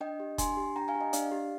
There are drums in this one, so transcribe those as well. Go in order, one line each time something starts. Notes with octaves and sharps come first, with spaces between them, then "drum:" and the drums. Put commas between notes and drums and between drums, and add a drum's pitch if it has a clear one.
D4 D#5 G5
G4
D4 G#5 C6, drum: kick F1, hi-hat
G4
D4 G5 A#5
F5 G#5
G4
D#5 G5
D4 D5 F5, drum: hi-hat
G4